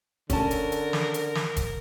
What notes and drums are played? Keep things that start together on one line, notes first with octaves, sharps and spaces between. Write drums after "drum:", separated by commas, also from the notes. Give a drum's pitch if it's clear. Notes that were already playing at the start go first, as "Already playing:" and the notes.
D3 C#4 A#4 A5, drum: kick, hi-hat
drum: hi-hat
drum: hi-hat
drum: snare
drum: hi-hat
drum: snare
drum: kick, hi-hat